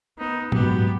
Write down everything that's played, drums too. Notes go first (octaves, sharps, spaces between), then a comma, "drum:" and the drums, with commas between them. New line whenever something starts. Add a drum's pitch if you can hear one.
B3 D#4
G#2 F#3 B3 G4, drum: tom